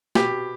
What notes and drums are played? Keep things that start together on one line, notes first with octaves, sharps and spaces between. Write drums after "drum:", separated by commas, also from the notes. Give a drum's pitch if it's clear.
B2 G4, drum: snare